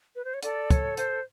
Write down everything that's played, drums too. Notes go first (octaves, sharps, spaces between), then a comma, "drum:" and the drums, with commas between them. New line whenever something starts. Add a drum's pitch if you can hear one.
B4
C5
C#5
A4 D5, drum: hi-hat
C#5, drum: kick, hi-hat
C5, drum: hi-hat